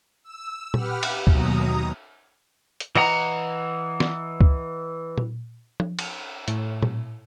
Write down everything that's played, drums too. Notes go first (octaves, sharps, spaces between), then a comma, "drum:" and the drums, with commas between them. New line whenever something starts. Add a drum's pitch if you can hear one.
E6
G4 B4 F#5 F6, drum: tom A#2
drum: cymbal
D#2 B2 F#3 A#5 D#6, drum: kick
drum: hi-hat
E3 D#5 F#5 A#5, drum: cymbal
drum: snare
drum: kick
drum: tom A#2
drum: tom F3
drum: cymbal
A2, drum: hi-hat
drum: tom A#2